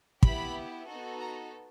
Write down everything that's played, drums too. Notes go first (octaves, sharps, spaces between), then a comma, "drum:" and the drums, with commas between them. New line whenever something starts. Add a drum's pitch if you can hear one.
B3 E4 G4 B5, drum: kick
B3 D#4 F#4 A4
A#5